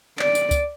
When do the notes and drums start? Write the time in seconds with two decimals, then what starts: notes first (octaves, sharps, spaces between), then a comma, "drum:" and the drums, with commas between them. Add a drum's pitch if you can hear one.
0.19 D5, drum: clap
0.35 drum: tambourine
0.51 drum: kick C#2, tambourine